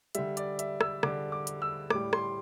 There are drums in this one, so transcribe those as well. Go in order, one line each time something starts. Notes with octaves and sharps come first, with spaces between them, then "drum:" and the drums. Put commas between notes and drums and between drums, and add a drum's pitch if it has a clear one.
D3 G3 E5, drum: hi-hat
D5, drum: hi-hat
E5, drum: hi-hat
E6, drum: rim click
D3 G3 D6, drum: rim click
D6
drum: hi-hat
E6
A2 G3 D6, drum: rim click
C6, drum: rim click